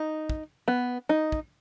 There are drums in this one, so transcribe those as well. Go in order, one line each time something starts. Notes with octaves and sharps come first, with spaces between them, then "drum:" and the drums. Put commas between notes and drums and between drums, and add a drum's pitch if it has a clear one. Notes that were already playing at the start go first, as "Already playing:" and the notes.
Already playing: D#4
drum: kick
B3
D#4
drum: kick